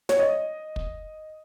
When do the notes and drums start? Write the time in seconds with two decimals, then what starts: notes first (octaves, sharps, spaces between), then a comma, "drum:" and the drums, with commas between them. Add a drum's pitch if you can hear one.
0.09 C#5, drum: snare
0.19 D#5
0.76 drum: kick